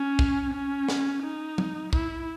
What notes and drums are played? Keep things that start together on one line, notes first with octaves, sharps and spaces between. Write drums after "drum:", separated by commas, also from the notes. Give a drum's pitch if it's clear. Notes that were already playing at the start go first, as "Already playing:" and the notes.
Already playing: C#4
drum: kick
C#4
drum: snare
D#4
drum: tom
E4, drum: kick